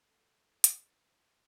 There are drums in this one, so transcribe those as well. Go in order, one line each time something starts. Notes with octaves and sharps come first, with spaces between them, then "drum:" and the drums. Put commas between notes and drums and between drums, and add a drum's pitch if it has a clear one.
A4
G4, drum: hi-hat